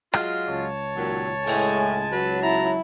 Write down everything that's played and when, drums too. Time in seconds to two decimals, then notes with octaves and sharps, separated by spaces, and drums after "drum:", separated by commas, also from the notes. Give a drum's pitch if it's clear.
0.13 F#3 G#3 F4, drum: rim click
0.48 C#2 C#5 A5
0.95 D#2 A#2 F#3
1.47 A2 G#3 G#5, drum: open hi-hat
2.12 F#3 B4
2.43 E4 A#5